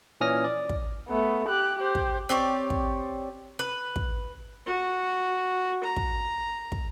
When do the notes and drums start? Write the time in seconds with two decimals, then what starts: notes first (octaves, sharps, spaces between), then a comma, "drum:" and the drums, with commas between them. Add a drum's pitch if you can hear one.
0.21 A#2 E3 C#4 D#6 F6 A#6
0.44 D5
0.69 drum: kick
1.08 A3 B3
1.49 G4 F#6
1.79 G4 C5
1.95 drum: kick
2.29 C4 G4 C#5 D5
2.70 drum: kick
3.59 B4
3.96 drum: kick
4.66 F#4
5.84 A#5
5.96 drum: kick
6.72 drum: kick